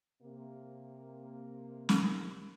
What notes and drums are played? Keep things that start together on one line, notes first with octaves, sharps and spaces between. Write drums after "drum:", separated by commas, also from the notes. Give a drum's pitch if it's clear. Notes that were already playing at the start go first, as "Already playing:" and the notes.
C3 A#3
drum: snare